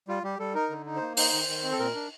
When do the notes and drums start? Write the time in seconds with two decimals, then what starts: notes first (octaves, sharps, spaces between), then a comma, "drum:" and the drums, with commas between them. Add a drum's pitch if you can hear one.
0.08 G3 F4
0.23 G3 G4
0.39 G3 A4
0.55 D#4 A#4
0.70 D3
0.86 D#4
0.96 C5
1.01 A#3
1.17 D#4 C5, drum: open hi-hat
1.33 D#3
1.48 D#3
1.64 C4
1.72 A4
1.79 A#2 A#4
1.95 D4